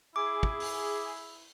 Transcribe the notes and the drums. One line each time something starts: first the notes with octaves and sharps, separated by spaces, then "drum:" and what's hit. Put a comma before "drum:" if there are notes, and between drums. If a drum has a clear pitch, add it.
E4 G#4 D6
drum: kick
drum: open hi-hat